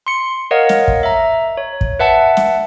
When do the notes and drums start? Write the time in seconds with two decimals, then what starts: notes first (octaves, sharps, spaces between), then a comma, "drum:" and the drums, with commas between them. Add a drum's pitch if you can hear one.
0.07 C6 C#7
0.51 A#4 C#5 D#5 F5 F#5
0.69 drum: snare
0.88 drum: kick
1.03 E5 A#5
1.57 C#5
1.81 drum: kick
1.99 B4 E5 F#5 A5
2.37 drum: snare